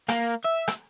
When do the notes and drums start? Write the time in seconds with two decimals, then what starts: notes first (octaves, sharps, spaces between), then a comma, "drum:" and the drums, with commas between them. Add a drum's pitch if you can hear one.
0.09 A#3, drum: rim click
0.44 E5
0.68 drum: rim click